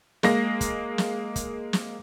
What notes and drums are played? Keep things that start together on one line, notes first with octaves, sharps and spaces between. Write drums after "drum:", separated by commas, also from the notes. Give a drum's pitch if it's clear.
G#3 A#3 A#6, drum: snare
drum: kick, hi-hat
drum: snare
drum: kick, hi-hat
drum: snare